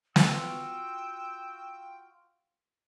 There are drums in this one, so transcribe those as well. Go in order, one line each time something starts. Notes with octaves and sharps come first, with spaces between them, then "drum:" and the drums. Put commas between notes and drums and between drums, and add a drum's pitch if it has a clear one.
F4 F#4 G5 E6, drum: snare